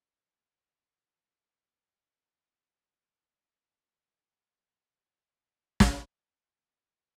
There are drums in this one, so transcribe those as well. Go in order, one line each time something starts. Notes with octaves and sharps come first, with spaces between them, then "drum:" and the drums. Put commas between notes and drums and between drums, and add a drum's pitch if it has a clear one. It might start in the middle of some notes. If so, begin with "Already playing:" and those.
A3 D5 F#5
D#5 A5 B5 C6
A1 F3 B5 C6 D#6 A6
drum: snare
B3 D#4 G4